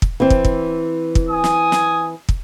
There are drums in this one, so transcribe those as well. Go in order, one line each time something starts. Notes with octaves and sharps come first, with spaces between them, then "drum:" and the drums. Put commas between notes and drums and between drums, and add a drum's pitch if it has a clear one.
drum: kick
E3 C4
drum: kick
drum: kick
drum: kick
G#5 D#6
drum: snare
drum: snare
drum: kick